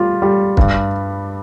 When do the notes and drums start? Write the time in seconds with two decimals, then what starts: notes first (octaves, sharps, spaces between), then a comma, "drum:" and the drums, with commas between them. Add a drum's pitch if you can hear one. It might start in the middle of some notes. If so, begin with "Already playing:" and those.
Already playing: G3 F4
0.22 G3
0.57 G2, drum: kick